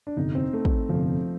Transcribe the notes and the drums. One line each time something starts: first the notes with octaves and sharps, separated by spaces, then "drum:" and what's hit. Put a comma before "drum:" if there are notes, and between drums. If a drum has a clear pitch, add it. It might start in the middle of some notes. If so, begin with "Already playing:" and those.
D4
G1 F2 C3 D#4
C4
A3
drum: kick
G1 F2 C3 F3